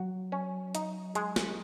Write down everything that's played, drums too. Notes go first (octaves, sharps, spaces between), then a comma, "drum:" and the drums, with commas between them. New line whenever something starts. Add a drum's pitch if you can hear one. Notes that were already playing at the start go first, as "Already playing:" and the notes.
Already playing: F#3 F#4
C#4
D#4, drum: hi-hat
G#3, drum: hi-hat
drum: snare